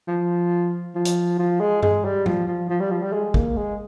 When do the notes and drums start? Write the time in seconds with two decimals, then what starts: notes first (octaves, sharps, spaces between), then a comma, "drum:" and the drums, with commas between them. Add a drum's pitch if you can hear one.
0.08 F3
0.95 F3
1.05 drum: hi-hat
1.39 F3
1.61 G#3
1.83 G#3, drum: tom G2
2.05 G3
2.26 F3, drum: tom G#2
2.48 F3
2.69 F3
2.80 G3
2.91 F3
3.02 G3
3.13 G#3
3.34 A#3, drum: kick
3.57 G#3